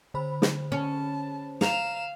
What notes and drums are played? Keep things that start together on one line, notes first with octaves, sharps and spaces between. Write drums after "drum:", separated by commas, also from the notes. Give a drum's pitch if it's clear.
D3 C5 B5
drum: snare
C#4 A5
F5 A#5 E7, drum: snare